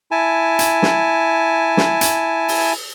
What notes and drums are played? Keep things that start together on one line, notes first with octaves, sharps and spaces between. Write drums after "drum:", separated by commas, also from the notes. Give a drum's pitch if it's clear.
E4 G#5 A5
drum: hi-hat
drum: snare
drum: snare
drum: hi-hat
drum: open hi-hat